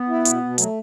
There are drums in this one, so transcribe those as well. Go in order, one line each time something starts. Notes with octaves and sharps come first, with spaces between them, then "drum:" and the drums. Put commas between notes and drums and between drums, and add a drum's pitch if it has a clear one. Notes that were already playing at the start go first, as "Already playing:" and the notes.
Already playing: B3
E4
B2, drum: hi-hat
B2
F#3 A3, drum: hi-hat